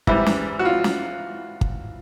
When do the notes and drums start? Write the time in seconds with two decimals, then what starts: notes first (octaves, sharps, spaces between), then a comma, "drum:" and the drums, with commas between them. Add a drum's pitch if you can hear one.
0.07 G#2 E3 G3 E4, drum: kick
0.26 drum: snare
0.59 F#4
0.65 F4
0.84 drum: snare
1.61 drum: kick